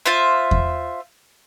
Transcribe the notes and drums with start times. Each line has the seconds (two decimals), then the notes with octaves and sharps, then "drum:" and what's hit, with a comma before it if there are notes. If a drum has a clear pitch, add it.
0.06 F4 C5 E5
0.51 drum: kick E2